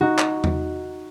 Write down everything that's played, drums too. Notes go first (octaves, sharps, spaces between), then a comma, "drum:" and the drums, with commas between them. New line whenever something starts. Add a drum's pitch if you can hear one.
D#4 F#4
drum: clap
drum: tom E2